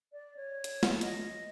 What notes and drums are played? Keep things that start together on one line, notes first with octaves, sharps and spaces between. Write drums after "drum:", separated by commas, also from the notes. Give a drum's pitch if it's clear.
D5
C#5
drum: hi-hat
drum: snare
D#5, drum: hi-hat